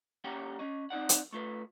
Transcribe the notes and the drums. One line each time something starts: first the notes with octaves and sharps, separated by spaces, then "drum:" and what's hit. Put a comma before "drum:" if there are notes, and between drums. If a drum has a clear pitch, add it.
F#3 A#3 C#4 G4 C#5 G5
C#4 D#5
C4 D#4 D5 F#5
drum: hi-hat
A3 F4 B4